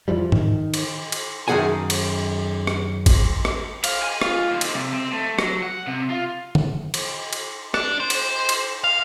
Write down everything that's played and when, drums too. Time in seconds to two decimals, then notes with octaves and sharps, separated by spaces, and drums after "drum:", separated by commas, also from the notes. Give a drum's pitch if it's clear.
0.08 F2 E3 F3 G3
0.32 D#3, drum: tom G#2
0.74 drum: cymbal
1.12 drum: cymbal
1.48 F#2 D#3 A3 G#4 F#5 G#5
1.90 drum: cymbal
2.67 drum: rim click
3.06 drum: kick G#1, cymbal
3.45 drum: rim click
3.84 F5, drum: cymbal
4.03 G#5
4.22 F4, drum: rim click
4.51 D#2
4.61 drum: cymbal
4.76 C3
4.93 C4
5.13 A3
5.39 F#3, drum: rim click
5.63 F#5
5.87 C3
6.10 F4
6.55 drum: tom D3
6.94 drum: cymbal
7.33 drum: cymbal
7.74 D4, drum: rim click
8.00 C5
8.10 drum: cymbal
8.49 drum: cymbal
8.84 F5